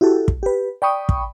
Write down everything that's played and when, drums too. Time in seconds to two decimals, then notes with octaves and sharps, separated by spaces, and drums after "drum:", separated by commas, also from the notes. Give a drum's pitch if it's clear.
0.01 E4 F#4 G4 A4
0.28 drum: kick
0.43 G4 B4
0.82 D5 G5 B5 C#6 D#6
1.09 drum: kick